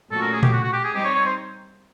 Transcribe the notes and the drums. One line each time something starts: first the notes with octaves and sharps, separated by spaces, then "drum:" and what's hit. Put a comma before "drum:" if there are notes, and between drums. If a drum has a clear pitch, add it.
A#2 F#3 A3 C#4 F#4 A4
A#4
G#4
G4, drum: tom A#2
F#4
F#4
G4
G#4
G3 C4 D#4 G4
C#5
C#5
C5